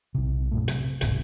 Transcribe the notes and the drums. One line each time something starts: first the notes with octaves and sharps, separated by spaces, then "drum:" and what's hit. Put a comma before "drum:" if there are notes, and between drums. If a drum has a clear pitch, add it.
B1 C3
F#2 A#2 A3
C3, drum: hi-hat
D#1 C2 G#2 B2, drum: hi-hat